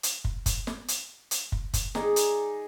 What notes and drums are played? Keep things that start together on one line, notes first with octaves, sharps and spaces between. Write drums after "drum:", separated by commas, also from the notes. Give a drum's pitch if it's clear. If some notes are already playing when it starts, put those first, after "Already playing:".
drum: hi-hat
drum: kick
drum: kick, hi-hat
drum: snare
drum: hi-hat
drum: hi-hat
drum: kick
drum: kick, hi-hat
D#4 G#4 D5, drum: snare
drum: hi-hat